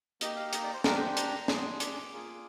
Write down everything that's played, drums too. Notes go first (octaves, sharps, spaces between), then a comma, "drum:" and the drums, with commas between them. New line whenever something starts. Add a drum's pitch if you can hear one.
A#3 D#4 G4 D#5, drum: hi-hat
F5
D#5, drum: hi-hat
D5
C5
D4 G4 A#4, drum: snare
C5
A#5, drum: hi-hat
D4 G#4 C6, drum: snare
D6, drum: hi-hat
A#3 F4 G#4